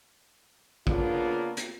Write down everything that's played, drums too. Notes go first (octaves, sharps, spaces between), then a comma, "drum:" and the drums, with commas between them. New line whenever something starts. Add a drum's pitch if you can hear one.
C#3 A#3 B3 D4 F4, drum: kick
drum: hi-hat